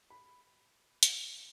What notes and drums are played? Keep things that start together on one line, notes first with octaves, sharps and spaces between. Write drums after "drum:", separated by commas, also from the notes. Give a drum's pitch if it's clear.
B5
drum: hi-hat